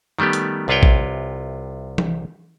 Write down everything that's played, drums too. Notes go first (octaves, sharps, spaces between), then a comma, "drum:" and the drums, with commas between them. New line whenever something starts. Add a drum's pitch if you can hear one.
D#3 G3 A3 B3 G4
drum: hi-hat
C2 C3 F4 B4 C#5 G5
drum: kick A#1
drum: tom E3